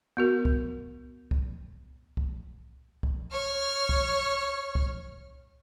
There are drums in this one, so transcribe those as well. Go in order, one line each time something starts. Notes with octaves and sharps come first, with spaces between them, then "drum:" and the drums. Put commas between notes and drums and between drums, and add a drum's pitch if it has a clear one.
B3 F#4 A#4
drum: kick C2
drum: kick C2
drum: kick C2
drum: kick C2
C#5 F6
drum: kick C2
drum: kick C2